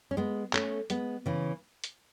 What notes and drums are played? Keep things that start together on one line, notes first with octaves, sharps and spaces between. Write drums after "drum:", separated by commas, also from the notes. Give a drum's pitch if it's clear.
C#4
G#3 B3
A3 C#4, drum: clap
G#3 B3, drum: hi-hat
C#3 E3
drum: hi-hat